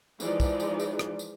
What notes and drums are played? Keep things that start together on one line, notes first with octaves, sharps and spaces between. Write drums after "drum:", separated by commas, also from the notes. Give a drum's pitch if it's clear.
E3 F3 G#3 D#4 D5, drum: tambourine
drum: kick, tambourine
drum: tambourine
drum: tambourine
drum: rim click
drum: tambourine